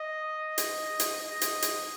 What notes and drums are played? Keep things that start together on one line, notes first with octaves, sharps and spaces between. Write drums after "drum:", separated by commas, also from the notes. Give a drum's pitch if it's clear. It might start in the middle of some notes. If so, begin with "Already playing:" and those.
Already playing: D#5
drum: hi-hat
drum: hi-hat
D#5
drum: hi-hat
drum: hi-hat